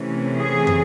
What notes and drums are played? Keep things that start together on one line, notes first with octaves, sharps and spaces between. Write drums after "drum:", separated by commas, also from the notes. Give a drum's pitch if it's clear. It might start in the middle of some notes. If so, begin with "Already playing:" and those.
Already playing: C3 E3 A3 C#4
G#4
drum: tom